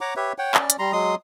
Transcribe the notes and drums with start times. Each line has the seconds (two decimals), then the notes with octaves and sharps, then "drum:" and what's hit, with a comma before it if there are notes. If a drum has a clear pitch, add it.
0.01 C#5 F#5 A#5 D6
0.16 G4 B4 C#5 E5
0.38 C#5 F#5 G5
0.54 C#4 D5, drum: clap
0.70 drum: hi-hat
0.79 G3 A#5 C6
0.93 F#3 G#3 C6 D#6